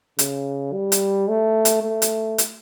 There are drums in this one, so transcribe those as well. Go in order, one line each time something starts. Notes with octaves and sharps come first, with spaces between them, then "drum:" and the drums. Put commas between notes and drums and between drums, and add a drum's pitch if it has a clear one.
C#3, drum: hi-hat
G3
drum: hi-hat
A3
drum: hi-hat
A3
drum: hi-hat
drum: hi-hat